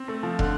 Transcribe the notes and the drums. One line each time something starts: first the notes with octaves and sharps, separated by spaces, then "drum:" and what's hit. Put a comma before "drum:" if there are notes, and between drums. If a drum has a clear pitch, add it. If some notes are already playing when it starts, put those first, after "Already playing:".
Already playing: C4
A3
F3
D3, drum: kick